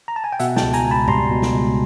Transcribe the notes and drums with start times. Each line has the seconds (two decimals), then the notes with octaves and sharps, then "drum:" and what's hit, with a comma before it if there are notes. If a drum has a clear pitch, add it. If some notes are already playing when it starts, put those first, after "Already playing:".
0.08 A#5
0.16 A5
0.24 G#5
0.33 G5
0.39 B2 E5 F#5, drum: hi-hat
0.57 G5 A5, drum: snare
0.62 C#2
0.73 G#5 A#5, drum: hi-hat
0.85 C#2
0.91 A5 B5
1.08 G3 A#5 C6, drum: tom G#2
1.31 B2
1.42 drum: snare
1.53 C#2